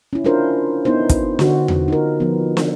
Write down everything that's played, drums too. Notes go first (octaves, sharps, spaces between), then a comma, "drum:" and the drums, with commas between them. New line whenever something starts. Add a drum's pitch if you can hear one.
C#4 E4
D4 E4 F4 A#4 C5
B3 D#4 E4 C5
drum: kick, hi-hat
D3 F#4, drum: snare
drum: tom E2
D#4 F4 A#4
F3 B3
drum: snare